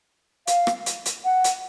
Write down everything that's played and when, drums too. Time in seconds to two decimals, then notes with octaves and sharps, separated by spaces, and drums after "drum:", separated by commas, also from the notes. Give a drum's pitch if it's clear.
0.47 F5, drum: hi-hat
0.67 drum: rim click
0.86 drum: hi-hat
1.06 drum: hi-hat
1.25 F#5
1.44 drum: hi-hat